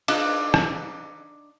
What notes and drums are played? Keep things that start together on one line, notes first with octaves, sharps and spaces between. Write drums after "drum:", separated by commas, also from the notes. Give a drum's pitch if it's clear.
D4 D#4 F5, drum: cymbal
drum: rim click